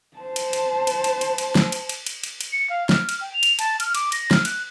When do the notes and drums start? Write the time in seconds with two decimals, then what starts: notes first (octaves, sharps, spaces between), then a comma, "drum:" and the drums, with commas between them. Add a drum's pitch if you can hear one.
0.17 C5 A5
0.36 drum: cymbal
0.53 drum: cymbal
0.87 drum: cymbal
1.04 drum: cymbal
1.21 drum: cymbal
1.38 drum: cymbal
1.55 drum: snare
1.72 drum: cymbal
1.89 drum: cymbal
2.06 drum: cymbal
2.23 drum: cymbal
2.41 drum: cymbal
2.52 C#7
2.70 F5
2.89 F6, drum: snare
3.09 drum: cymbal
3.21 G5
3.33 F7
3.43 drum: cymbal
3.59 A5, drum: cymbal
3.80 F6, drum: cymbal
3.95 D6, drum: cymbal
4.12 A#6, drum: cymbal
4.31 F6, drum: snare
4.45 F#6, drum: cymbal